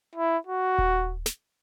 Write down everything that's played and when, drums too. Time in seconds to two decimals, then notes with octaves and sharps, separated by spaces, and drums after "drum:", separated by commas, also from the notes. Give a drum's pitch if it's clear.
0.15 E4
0.46 F#4
0.78 drum: kick D#1
1.26 drum: snare